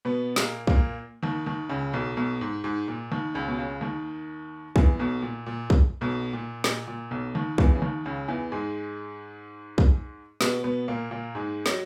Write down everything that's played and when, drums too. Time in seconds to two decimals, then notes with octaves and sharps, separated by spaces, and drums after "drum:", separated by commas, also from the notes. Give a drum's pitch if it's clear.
0.05 B2 B3
0.36 A#2 A#3, drum: snare
0.67 A#2 A#3, drum: kick
1.23 D#2 D#3
1.46 D#2 D#3
1.69 C#2 C#3
1.93 B1 B2
2.17 B1 B2
2.41 G#2
2.64 G#2
2.88 A#2
3.12 D#2 D#3
3.34 C#2 C#3
3.48 B2
3.58 C#2 C#3
3.81 D#2 D#3
4.76 E2 E3, drum: kick
4.99 B1 B2
5.22 A#2
5.46 A#2
5.70 drum: kick
6.01 B1 B2
6.33 A#2
6.64 A#2, drum: snare
6.88 A#2
7.11 B1 B2
7.35 D#2 D#3
7.58 E2 E3, drum: kick
7.75 C#3
7.82 D#2 D#3
8.05 C#2 C#3
8.28 E2 E3
8.52 G#2 G#3
9.78 drum: kick
10.41 B2 B3, drum: snare
10.64 B2 B3
10.88 A#2 A#3
11.11 A#2 A#3
11.35 G#2 G#3
11.66 F#3, drum: snare